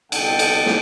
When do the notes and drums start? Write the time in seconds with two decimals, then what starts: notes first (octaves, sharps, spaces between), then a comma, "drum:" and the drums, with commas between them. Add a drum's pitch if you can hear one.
0.12 C2 B2 D3 A4 F#5 G5, drum: cymbal
0.39 drum: cymbal
0.66 drum: snare